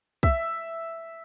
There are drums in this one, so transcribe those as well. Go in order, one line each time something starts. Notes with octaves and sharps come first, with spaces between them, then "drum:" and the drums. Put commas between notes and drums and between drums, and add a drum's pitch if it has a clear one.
E5, drum: kick